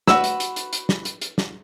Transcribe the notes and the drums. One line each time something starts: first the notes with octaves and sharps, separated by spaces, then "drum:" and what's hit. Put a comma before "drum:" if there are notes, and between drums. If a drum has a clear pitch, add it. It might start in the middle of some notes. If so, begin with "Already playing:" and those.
F#4 B4 E6, drum: snare
drum: hi-hat
drum: hi-hat
drum: hi-hat
drum: hi-hat
drum: snare
drum: hi-hat
drum: hi-hat
drum: snare